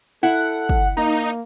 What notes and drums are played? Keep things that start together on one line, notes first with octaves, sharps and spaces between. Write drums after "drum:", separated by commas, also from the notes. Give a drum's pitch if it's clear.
E4 A4 F#5
drum: kick
A#3 D#4 A#5